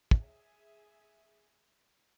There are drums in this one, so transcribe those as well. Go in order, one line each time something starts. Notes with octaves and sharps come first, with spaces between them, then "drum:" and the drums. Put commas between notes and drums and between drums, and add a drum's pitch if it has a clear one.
G#4 E5 G#5, drum: kick